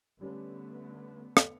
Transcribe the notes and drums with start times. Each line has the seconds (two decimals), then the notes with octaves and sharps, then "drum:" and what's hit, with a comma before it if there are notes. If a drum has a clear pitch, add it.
0.21 D3 G3 A3 B3 C#4
1.37 drum: rim click